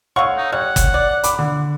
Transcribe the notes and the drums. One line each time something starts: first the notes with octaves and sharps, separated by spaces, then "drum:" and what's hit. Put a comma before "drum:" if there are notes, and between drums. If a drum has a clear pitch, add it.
A3 C#5 F5 F#5 C#6
D#4
G3 C#5 F#5
drum: kick, hi-hat
D5
B5 D6, drum: hi-hat
D3